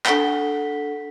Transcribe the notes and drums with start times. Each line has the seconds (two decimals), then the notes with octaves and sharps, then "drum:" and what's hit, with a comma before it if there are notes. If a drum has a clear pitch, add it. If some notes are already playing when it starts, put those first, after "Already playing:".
0.06 D4 A4 F#5 B6 G7, drum: clap